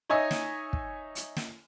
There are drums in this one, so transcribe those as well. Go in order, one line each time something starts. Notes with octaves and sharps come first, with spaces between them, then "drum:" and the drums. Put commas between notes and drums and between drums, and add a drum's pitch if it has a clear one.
D#4 C#5 D#5 E5 G#5 D#6
drum: snare
drum: kick
drum: hi-hat
drum: snare